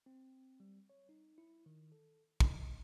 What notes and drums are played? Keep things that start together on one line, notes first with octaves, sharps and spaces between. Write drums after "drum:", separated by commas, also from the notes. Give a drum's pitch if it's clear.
C4
G3
C#5
D#4
E4
D#3
A4
D#5, drum: kick